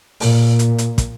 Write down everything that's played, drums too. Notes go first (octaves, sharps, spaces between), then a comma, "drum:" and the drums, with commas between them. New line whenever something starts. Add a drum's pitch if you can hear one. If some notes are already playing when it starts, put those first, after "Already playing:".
A#2, drum: open hi-hat
drum: hi-hat
drum: hi-hat
drum: kick, hi-hat